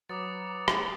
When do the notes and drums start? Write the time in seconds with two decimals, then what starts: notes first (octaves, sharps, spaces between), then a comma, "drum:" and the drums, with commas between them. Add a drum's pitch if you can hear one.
0.09 F#3 B4 C#5 F#5 A#5 D6 D#6 A6
0.68 drum: rim click